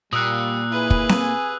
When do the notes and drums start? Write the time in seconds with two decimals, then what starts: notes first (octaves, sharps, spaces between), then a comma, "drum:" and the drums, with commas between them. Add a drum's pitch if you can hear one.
0.13 A#2 G3 D#6 E6 F#6
0.72 E4 G#4 B4
0.90 drum: kick
1.09 drum: snare C4
1.20 G#5